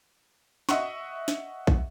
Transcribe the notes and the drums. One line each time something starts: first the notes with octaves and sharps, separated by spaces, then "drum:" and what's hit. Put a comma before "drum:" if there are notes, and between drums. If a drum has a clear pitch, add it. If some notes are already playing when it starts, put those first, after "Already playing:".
D#5 E5 F#5 C#6, drum: snare
drum: snare
drum: kick